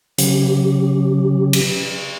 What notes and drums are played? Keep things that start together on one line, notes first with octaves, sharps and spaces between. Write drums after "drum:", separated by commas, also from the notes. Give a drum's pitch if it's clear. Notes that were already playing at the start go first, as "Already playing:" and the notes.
C#3 F#3 C#4 G4, drum: hi-hat
drum: cymbal